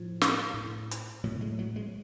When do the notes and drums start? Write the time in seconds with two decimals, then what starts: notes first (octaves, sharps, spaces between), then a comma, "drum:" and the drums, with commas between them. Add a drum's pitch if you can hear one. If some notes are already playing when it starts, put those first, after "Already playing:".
Already playing: A2 F3
0.21 drum: snare
0.54 A2
0.91 drum: hi-hat
1.24 A2 F#3
1.41 G#3
1.59 F#3
1.76 G#3